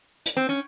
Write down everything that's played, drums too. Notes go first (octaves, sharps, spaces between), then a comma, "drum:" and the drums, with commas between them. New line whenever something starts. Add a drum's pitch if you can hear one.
drum: hi-hat
C4
C#4